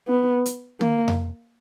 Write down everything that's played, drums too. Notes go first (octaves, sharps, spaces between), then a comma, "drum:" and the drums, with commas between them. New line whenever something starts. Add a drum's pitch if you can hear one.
B3
drum: hi-hat
A#3, drum: tom
drum: tom F2